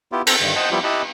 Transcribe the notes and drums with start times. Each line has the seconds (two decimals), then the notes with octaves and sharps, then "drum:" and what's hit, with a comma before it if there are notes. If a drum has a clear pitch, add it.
0.12 B3 E4 F4 G4
0.27 C4 A4 A#4, drum: cymbal
0.41 G2 D3 D#3
0.56 C5 D#5 F#5 G5 A5
0.71 F3 G3 B3 E4 F4 G4
0.84 E4 G4 D#5 A5 B5 F#6